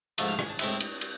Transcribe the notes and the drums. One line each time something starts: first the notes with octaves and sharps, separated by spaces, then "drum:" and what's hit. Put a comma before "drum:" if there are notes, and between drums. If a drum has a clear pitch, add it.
G#2 F3 A3 A4, drum: cymbal
F5
G#5, drum: rim click
A5
A2 G#3 C4 E4 B5, drum: cymbal
drum: cymbal
drum: cymbal